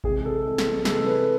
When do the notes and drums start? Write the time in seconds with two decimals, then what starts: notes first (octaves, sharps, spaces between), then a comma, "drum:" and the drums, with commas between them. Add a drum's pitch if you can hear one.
0.04 C3 E3 G#3 G#4, drum: kick A1
0.25 A4
0.45 C3 E3 G#3
0.58 drum: snare
0.85 C3 E3 G#3 A4, drum: snare
1.06 B4